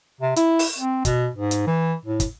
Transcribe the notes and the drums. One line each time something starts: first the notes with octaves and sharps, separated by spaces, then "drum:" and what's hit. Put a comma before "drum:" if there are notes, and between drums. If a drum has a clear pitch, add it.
C3
E4, drum: hi-hat
drum: open hi-hat
C4
B2, drum: kick, hi-hat
G#2
drum: hi-hat
E3
A2
drum: kick, hi-hat